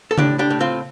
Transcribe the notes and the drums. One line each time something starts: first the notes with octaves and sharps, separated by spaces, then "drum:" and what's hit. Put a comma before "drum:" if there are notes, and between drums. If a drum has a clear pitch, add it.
A4
A2 D4 G4, drum: tom C#3
D4 G4
A2
C4 F4